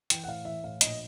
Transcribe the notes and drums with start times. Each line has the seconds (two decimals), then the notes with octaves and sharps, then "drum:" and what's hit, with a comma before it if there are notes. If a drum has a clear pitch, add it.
0.10 E3 G5, drum: hi-hat
0.24 F#5
0.27 A2 F5
0.45 E3 E5
0.64 A2 F5
0.81 A#1 D#5, drum: hi-hat